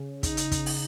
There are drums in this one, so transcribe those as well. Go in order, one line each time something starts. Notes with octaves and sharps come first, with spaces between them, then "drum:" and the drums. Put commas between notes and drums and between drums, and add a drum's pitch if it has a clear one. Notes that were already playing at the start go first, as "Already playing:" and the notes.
Already playing: C#3
D#4, drum: kick, hi-hat
drum: hi-hat
drum: kick, hi-hat
drum: open hi-hat